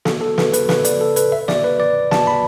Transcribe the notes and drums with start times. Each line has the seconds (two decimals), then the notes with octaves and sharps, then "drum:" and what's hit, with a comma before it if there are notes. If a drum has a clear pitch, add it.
0.05 A4, drum: snare
0.21 A4
0.38 B4, drum: snare
0.53 B4, drum: hi-hat
0.69 B4, drum: snare
0.85 D5, drum: hi-hat
1.01 A4
1.16 B4, drum: hi-hat
1.32 E5
1.48 D5, drum: snare
1.64 B4
1.80 D5
2.11 A5, drum: snare
2.27 B5